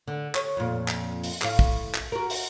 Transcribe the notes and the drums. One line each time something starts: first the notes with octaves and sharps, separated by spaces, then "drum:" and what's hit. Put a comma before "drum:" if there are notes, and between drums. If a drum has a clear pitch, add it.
D3
C#5, drum: clap
F2 A#2
drum: clap
drum: open hi-hat
A2 F5, drum: clap
drum: kick
drum: clap
F#4 A#4
drum: open hi-hat